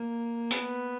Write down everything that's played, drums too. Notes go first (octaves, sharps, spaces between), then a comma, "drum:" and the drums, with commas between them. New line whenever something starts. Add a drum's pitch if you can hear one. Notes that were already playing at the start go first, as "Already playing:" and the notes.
Already playing: A#3
B3, drum: hi-hat